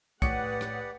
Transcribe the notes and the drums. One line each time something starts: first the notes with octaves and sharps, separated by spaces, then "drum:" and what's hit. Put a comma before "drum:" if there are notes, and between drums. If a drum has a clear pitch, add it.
A2 G4 B4 C#5 D5 F#5 D#6 C#7, drum: kick, hi-hat
drum: rim click